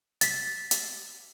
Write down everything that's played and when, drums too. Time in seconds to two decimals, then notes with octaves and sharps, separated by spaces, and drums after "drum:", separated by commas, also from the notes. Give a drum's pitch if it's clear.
0.21 A6 B6, drum: hi-hat
0.71 drum: hi-hat